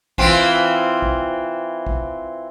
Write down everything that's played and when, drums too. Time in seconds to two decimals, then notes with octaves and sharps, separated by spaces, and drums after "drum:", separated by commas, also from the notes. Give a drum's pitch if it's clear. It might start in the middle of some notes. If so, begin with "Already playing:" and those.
0.18 E3 C4 F4, drum: kick A#1
1.02 drum: kick A#1
1.87 drum: kick A#1